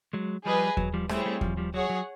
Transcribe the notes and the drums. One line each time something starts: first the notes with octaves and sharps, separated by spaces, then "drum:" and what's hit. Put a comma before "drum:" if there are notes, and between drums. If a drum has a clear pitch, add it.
F#3 G#3
F3 G3 G#4 B4 D#5 G#5
F#3, drum: kick D#2
F3 G3
G3 A3 C4 E4 G#4 C#5, drum: rim click
G3 A3
F3 G3, drum: kick D#2
F3 G3
F#3 G#4 C#5 F#5
F#3